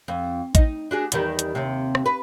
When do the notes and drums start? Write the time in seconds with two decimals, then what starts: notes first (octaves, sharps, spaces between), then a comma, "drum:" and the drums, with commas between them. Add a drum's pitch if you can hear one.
0.08 F2
0.55 D#4, drum: kick A1, hi-hat
0.91 D4 F#4 G#4
1.12 E2 D#3 G3, drum: hi-hat
1.39 drum: hi-hat
1.55 D#2 C3
1.95 drum: rim click
2.06 B4